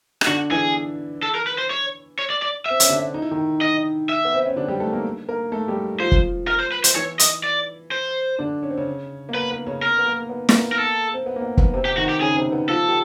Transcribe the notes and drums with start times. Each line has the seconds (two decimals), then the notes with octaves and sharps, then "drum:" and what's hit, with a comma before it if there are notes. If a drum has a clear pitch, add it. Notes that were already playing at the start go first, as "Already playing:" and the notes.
0.21 D#4, drum: rim click
0.27 D3 D4 F#4
0.50 E3 E4 G#4
1.23 A4
1.35 A#4
1.47 B4
1.58 C5
1.70 C#5
2.19 C#5
2.30 D5
2.42 D5
2.66 C4 E5
2.80 C#4, drum: hi-hat
2.89 D3 D4
3.14 D#4
3.22 E4
3.31 D#3 D#4
3.61 D#5
4.09 E5
4.25 B3
4.35 C4
4.46 C#4
4.56 D3 D4
4.68 G3 G4
4.80 A3 A4
4.93 A#3 A#4
5.29 A#3 A#4
5.52 A3 A4
5.68 G3 G4
6.00 F3 F4 C5
6.12 drum: kick
6.48 A#4
6.60 C5
6.72 B4
6.84 C5, drum: hi-hat
6.96 E3 E4 C#5
7.19 D#5, drum: hi-hat
7.44 D5
7.91 C5
8.39 D3 D4
8.63 C#4
8.70 C4
8.78 C#3 C#4
9.29 A#3
9.34 B3 B4
9.51 B3
9.66 C#3 C#4
9.82 A#4
9.99 B3
10.07 A#3
10.29 B3
10.49 B3, drum: snare
10.53 A#3
10.72 A#4
10.78 A4
11.14 C4
11.26 B3
11.36 A#3
11.42 B3
11.57 B3, drum: kick
11.74 C3 C4
11.85 G4
11.97 D#3 D#4 F#4
12.09 G4
12.21 C#3 C#4 G#4
12.36 C3 C4
12.52 B3
12.69 F3 F4 A4
12.88 G4